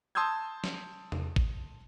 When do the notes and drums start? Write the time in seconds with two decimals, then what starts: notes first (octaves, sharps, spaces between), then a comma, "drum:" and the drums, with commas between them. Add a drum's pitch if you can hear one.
0.15 A5 C6 D#6 E6 G6 G#6
0.64 drum: snare
1.12 drum: tom E2
1.36 drum: kick G#1